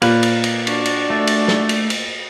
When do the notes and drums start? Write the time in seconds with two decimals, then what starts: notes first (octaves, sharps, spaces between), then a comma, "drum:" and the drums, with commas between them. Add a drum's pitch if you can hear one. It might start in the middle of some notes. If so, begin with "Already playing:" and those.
0.02 A#2 A#3 B4, drum: cymbal
0.23 drum: cymbal
0.44 drum: cymbal
0.67 D4 F#4 D5, drum: cymbal
0.85 drum: cymbal
1.10 A3
1.27 drum: cymbal
1.48 drum: snare
1.69 drum: cymbal
1.90 drum: cymbal